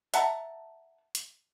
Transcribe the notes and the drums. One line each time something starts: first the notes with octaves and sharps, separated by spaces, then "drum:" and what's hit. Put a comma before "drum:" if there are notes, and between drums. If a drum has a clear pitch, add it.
E5 F#5 A5 A#5, drum: hi-hat
drum: hi-hat